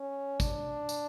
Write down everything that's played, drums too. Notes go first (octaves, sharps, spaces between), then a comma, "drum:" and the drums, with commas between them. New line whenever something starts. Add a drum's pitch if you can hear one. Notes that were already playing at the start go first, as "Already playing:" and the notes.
Already playing: C#4
D4, drum: kick, tambourine
drum: tambourine